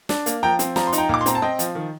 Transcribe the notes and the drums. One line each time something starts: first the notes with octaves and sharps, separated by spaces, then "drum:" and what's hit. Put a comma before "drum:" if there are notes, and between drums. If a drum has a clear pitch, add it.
D4, drum: snare
A#3, drum: hi-hat
F3 G5 A#5
C4, drum: hi-hat
F3 A#5, drum: snare
C6
D#4, drum: hi-hat
G5 A#5
A#2 D6, drum: kick
C6
C4 A#5, drum: hi-hat
A5
C4 D#5 G5
F3, drum: hi-hat
D#3